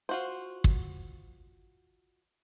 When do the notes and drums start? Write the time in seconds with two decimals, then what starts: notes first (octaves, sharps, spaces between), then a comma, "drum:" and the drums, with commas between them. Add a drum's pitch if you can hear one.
0.09 F4 F#4 C5
0.64 drum: kick